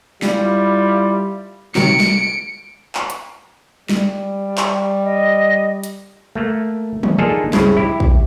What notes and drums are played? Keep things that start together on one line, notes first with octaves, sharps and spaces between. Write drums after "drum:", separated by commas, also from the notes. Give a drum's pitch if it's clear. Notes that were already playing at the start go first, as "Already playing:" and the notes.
G3 E4 F4, drum: snare
C3 D#3 F#3 C#7 D7, drum: snare
drum: snare
drum: clap
drum: hi-hat
G3, drum: snare
drum: clap
D#5
drum: hi-hat
A3 A#3
drum: tom
A#3 D4 D#4 F4 G#4 A4
C#2 G2 C#3 G#3 C4 E4, drum: snare
E4 G4
drum: kick A#1